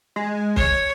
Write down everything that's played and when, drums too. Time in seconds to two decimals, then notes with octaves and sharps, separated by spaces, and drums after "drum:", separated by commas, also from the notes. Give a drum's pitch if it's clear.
0.16 G#3
0.56 C#5, drum: kick